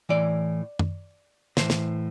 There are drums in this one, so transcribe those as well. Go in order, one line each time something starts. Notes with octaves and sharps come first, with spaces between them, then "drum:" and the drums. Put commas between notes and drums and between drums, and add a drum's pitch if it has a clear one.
A2 E3 D5
drum: tom F#2
A2 E3 C5, drum: snare
drum: snare